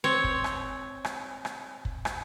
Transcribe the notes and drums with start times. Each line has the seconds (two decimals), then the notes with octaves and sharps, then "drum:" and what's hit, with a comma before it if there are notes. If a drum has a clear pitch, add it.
0.04 C4 C#5
0.24 drum: kick
0.44 drum: rim click
1.05 drum: rim click
1.45 drum: rim click
1.85 drum: kick
2.05 drum: rim click